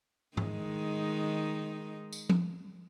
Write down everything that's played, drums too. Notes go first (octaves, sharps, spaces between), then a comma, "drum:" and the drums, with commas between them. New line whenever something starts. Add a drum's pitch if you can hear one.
D#3 G#3 D#4, drum: tom
drum: tambourine
drum: tom